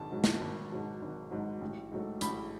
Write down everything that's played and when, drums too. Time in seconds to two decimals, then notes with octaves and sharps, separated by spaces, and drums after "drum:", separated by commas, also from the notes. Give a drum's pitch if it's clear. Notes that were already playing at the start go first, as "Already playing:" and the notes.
Already playing: G#1 G#2 F#3 A5
0.12 G#2 F#3
0.24 drum: snare
0.41 G#1
0.72 G#2 F#3
1.02 G#1
1.31 G#2 F#3
1.62 A1
1.92 G#2 F#3 A3
2.21 A1 B5, drum: hi-hat